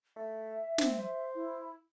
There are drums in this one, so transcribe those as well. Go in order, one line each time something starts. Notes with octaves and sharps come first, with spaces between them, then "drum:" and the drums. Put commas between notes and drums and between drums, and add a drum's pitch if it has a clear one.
A3 E5
C4, drum: snare
C5
E4